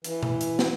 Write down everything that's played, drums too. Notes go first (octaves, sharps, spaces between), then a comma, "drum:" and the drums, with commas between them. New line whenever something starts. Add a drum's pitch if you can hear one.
E3, drum: hi-hat
drum: tom B2
drum: hi-hat
drum: snare